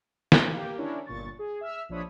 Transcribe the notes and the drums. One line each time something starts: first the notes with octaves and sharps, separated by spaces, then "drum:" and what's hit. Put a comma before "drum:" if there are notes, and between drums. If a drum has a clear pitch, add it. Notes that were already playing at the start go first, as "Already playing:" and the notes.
drum: snare
A#3 G4
C#4 D4 E4 A#4 C#5
G1 A#2 C#6 A6
G#4
E5 E6 F6
A#1 F3 D4 C#5 B5 D#6